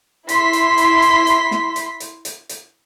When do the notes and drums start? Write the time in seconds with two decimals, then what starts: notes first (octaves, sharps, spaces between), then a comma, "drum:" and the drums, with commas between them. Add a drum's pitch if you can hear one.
0.29 E4 C6 B6, drum: hi-hat
0.53 drum: hi-hat
0.78 drum: hi-hat
1.02 drum: hi-hat
1.27 drum: hi-hat
1.51 drum: snare
1.76 drum: hi-hat
2.00 drum: hi-hat
2.25 drum: hi-hat
2.49 drum: hi-hat